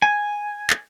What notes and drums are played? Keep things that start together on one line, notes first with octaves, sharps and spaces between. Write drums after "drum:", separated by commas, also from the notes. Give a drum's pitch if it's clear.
G#5
drum: clap